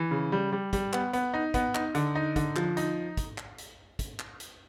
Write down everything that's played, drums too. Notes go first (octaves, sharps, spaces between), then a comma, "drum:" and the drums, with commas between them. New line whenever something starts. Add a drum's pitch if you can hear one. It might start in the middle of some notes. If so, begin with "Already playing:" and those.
Already playing: E3
C#3
G3
G3
G3, drum: kick, hi-hat
B3, drum: clap
B3, drum: hi-hat
D#4
B3, drum: kick, hi-hat
D#4, drum: clap
D3, drum: hi-hat
D#4
D3, drum: kick, hi-hat
F3, drum: clap
D#4, drum: hi-hat
drum: kick, hi-hat
drum: clap
drum: hi-hat
drum: kick, hi-hat
drum: clap
drum: hi-hat